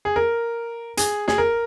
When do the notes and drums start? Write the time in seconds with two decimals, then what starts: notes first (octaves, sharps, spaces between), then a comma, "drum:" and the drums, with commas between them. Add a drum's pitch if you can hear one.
0.05 G#4
0.16 A#4
0.97 G#4, drum: hi-hat
1.28 G#4, drum: snare
1.38 A#4